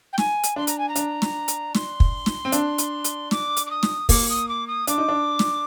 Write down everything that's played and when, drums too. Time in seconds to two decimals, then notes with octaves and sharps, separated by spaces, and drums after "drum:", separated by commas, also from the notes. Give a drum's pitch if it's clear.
0.13 G5
0.18 G#5, drum: snare
0.44 drum: hi-hat
0.56 D4 C6
0.67 A#5, drum: hi-hat
0.78 G#5
0.88 A#5
0.96 D4, drum: hi-hat
1.22 drum: snare
1.48 drum: hi-hat
1.75 C6, drum: snare
2.00 drum: kick
2.26 drum: snare
2.45 C4
2.52 D4, drum: hi-hat
2.78 drum: hi-hat
3.04 drum: hi-hat
3.31 D6, drum: snare
3.57 drum: hi-hat
3.66 D6
3.70 D#6
3.83 drum: snare
4.09 A#3 D6, drum: kick, open hi-hat
4.29 D#6
4.48 D6
4.67 D#6
4.87 D4 D6, drum: hi-hat
4.98 D#4
5.08 D4
5.39 drum: snare